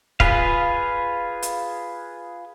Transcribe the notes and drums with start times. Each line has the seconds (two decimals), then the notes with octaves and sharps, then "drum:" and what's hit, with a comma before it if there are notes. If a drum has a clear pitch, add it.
0.20 F4 G#4 B4 F5, drum: kick
1.42 drum: hi-hat